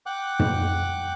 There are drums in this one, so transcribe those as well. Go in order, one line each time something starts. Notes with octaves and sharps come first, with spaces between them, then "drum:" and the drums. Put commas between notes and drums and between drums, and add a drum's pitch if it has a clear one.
F#5 G5 D6 F#6
drum: tom